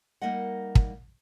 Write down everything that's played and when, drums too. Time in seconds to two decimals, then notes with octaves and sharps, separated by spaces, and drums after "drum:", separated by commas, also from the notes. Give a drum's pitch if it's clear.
0.22 G3 A#3 D#4 A#4 D#5 F#5
0.75 drum: kick